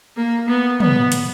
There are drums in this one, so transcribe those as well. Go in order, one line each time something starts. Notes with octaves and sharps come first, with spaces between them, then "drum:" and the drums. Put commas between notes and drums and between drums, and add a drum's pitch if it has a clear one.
A#3
B3
B3, drum: tom
drum: hi-hat